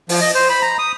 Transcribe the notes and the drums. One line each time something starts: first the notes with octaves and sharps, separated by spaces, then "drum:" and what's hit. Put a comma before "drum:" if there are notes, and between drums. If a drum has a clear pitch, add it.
F3, drum: open hi-hat
D#5
C5
B5
A#5
D#6